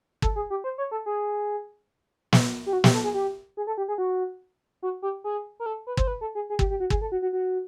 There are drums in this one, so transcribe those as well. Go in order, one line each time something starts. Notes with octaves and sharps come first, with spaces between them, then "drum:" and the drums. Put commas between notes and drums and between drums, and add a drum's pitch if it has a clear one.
A4, drum: kick
G#4
G4
C5
C#5
A4
G#4
drum: snare
G4
F#4
G4, drum: snare
A4
G#4
G4
G#4
A4
G4
G#4
F#4
F#4
G4
G#4
A#4
A4
B4
C5, drum: kick
B4
A4
G#4
G#4
G4, drum: kick
G4
F#4
G#4, drum: kick
A4
F#4
F#4
F#4